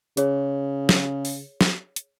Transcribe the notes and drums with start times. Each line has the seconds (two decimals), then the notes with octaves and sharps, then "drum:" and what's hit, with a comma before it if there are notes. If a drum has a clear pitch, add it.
0.17 C#3 G#4 C#5, drum: hi-hat
0.89 drum: snare
1.25 drum: open hi-hat
1.61 drum: snare
1.96 drum: hi-hat